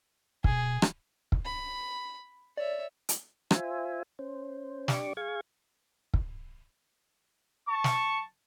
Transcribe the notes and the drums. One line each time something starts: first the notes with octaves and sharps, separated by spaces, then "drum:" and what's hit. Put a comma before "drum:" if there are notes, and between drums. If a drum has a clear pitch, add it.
B2 G#4, drum: kick
drum: rim click
drum: kick
B5
C#5 D5 E5
drum: hi-hat
F4 C5 E5 G#5, drum: rim click
C#4 C5
D4 G4 D5 C#6 D6, drum: snare
G#4 F5 C#6 G#6
drum: kick
A5 C#6
drum: snare